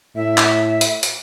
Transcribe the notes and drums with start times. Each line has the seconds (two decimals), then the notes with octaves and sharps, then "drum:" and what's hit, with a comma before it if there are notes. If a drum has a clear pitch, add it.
0.16 A2 E5
0.38 drum: clap
0.81 drum: hi-hat
1.03 drum: hi-hat